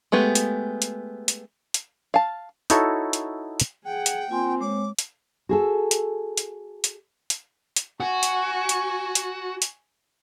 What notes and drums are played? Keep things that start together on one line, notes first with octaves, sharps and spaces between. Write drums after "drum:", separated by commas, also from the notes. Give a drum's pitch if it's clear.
G#3 A3 B3 G4
drum: hi-hat
drum: hi-hat
drum: hi-hat
drum: hi-hat
F5 A5
D#4 E4 F#4 A4 C#5, drum: hi-hat
drum: hi-hat
drum: hi-hat
G#4 F#5 G5
drum: hi-hat
A#3 C4 F4 G#5 C6
G#3 C#5 D6
drum: hi-hat
F#4 G#4 A4
drum: hi-hat
drum: hi-hat
drum: hi-hat
drum: hi-hat
drum: hi-hat
F#4 G#5 C#6
drum: hi-hat
drum: hi-hat
drum: hi-hat
drum: hi-hat